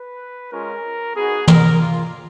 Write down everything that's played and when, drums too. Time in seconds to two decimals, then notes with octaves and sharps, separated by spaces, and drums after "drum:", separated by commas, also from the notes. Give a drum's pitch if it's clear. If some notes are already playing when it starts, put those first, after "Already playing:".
Already playing: B4
0.51 G#3 C#4 F4 A#4
1.15 B3 D#4 F#4 G#4
1.48 A#4, drum: tom
1.80 A#3 F4